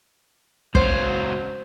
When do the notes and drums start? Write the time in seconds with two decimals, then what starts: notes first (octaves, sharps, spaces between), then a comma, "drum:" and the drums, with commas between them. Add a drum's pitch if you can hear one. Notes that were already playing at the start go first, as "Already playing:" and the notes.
0.75 C#2 F#3 C5, drum: kick